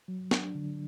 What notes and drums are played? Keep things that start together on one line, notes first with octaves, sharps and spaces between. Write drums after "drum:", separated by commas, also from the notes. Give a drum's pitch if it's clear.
F#3
D4, drum: snare
D3